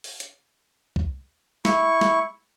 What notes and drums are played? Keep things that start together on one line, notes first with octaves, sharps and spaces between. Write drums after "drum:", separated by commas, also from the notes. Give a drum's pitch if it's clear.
drum: open hi-hat
drum: hi-hat
drum: kick C2
E4 C#6, drum: snare
drum: snare